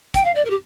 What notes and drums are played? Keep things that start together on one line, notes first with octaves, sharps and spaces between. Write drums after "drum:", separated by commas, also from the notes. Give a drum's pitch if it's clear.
G5, drum: kick, hi-hat
F5
D5
A#4
G4